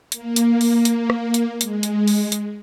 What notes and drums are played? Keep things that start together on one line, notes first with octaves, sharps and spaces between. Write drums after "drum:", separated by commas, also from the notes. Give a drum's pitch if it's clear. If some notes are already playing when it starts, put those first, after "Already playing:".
A#3, drum: hi-hat
drum: hi-hat
drum: open hi-hat
drum: hi-hat
drum: rim click
drum: hi-hat
G#3, drum: hi-hat
drum: hi-hat
drum: open hi-hat
drum: hi-hat